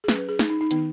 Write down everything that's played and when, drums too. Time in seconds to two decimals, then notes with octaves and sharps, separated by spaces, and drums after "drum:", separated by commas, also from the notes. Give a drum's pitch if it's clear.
0.04 G#4
0.08 F#3 C#4 B4, drum: snare
0.18 B4
0.29 G#4
0.39 D#4, drum: snare
0.50 D#4
0.61 D#4
0.71 D#3 B3 D#4, drum: hi-hat